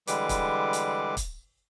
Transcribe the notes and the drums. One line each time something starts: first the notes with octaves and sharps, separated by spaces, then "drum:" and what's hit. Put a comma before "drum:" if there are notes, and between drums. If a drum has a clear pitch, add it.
D3 E3 G3 G#3 B4 D6, drum: hi-hat
drum: kick, hi-hat
drum: hi-hat
drum: kick, hi-hat